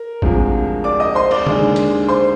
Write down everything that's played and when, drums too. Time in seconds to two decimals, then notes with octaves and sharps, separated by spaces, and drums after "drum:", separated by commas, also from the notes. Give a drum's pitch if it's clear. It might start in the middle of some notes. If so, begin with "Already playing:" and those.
Already playing: A#4
0.22 D2 C3 F3 G#3, drum: kick A1
0.84 D5 D6
1.00 D#5 D#6
1.15 C5 C6
1.31 D5 D6, drum: cymbal
1.46 D#2 D3 G#3, drum: tom
1.76 drum: hi-hat
2.08 C5 C6